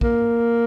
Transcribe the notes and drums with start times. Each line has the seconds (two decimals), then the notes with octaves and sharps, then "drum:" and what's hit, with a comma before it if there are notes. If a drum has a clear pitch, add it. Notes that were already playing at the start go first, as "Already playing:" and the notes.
0.01 A#3, drum: kick